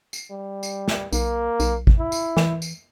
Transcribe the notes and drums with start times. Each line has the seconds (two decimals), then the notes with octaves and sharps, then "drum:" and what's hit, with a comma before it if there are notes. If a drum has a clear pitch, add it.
0.13 drum: tambourine
0.31 G3
0.63 drum: tambourine
0.88 drum: snare
1.13 B1 A#3, drum: tambourine
1.60 B1, drum: tambourine
1.87 drum: kick
1.99 E4
2.12 drum: tambourine
2.37 E3, drum: snare
2.62 drum: tambourine